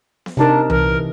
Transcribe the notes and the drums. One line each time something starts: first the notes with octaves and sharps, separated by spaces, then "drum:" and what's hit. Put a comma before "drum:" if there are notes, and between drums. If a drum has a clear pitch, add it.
drum: snare B3
C3 D4 D#4 A#4
E3 A#4, drum: tom C2